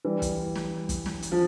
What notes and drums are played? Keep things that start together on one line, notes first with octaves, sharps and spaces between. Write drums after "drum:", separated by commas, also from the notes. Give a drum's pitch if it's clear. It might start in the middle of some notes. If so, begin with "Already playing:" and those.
E3 G3
drum: kick, hi-hat
drum: snare
drum: kick, hi-hat
drum: snare
drum: hi-hat
F3